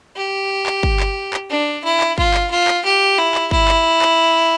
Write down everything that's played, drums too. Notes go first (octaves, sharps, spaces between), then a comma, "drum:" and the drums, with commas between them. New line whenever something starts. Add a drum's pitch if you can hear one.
G4
drum: clap
drum: kick
drum: clap
drum: clap
D4
E4
drum: clap
F4, drum: kick
drum: clap
F4
drum: clap
G4
E4
drum: clap
E4, drum: kick
drum: clap
drum: clap